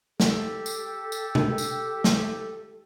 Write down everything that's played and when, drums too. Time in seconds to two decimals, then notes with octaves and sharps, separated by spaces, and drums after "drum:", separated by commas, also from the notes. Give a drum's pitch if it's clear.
0.20 G4 A4, drum: snare
0.66 drum: tambourine
1.12 drum: tambourine
1.35 drum: tom
1.58 drum: tambourine
2.04 drum: snare